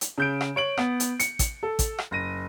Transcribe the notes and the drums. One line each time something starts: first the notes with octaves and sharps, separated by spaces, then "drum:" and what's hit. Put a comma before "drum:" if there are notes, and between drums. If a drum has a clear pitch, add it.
drum: hi-hat
C#3 G6 D7
drum: rim click
C#5 D7 F#7
B3, drum: rim click
drum: hi-hat
C#7, drum: hi-hat
drum: kick, hi-hat
A4
drum: kick, hi-hat
drum: rim click
F#1 A#6 D#7